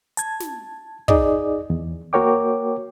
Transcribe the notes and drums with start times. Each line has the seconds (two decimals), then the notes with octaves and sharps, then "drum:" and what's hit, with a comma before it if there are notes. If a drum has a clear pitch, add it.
0.17 A5 G#6, drum: hi-hat
0.40 drum: snare
1.08 D#4 G#4 D5 D#5, drum: kick
1.70 E2
2.13 A#3 F#4 A#4 C#5 G5 D6